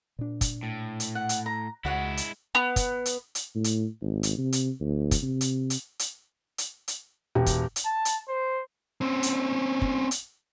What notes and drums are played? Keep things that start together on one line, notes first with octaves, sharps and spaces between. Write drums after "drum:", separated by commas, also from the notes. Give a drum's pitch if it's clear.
A#2 D4
drum: kick, hi-hat
A2
drum: hi-hat
F#5
drum: hi-hat
A#5
C#2 G#3 E4 F#4 C#5 F#5
drum: hi-hat
B3
drum: kick, hi-hat
drum: hi-hat
drum: hi-hat
A2
drum: hi-hat
G#1
drum: hi-hat
C3
drum: hi-hat
D2
drum: kick, hi-hat
C3
drum: hi-hat
drum: hi-hat
drum: hi-hat
drum: hi-hat
drum: hi-hat
E1 G4
drum: kick, hi-hat
drum: hi-hat
A5
drum: hi-hat
C5
C4 C#4
drum: hi-hat
drum: kick
drum: hi-hat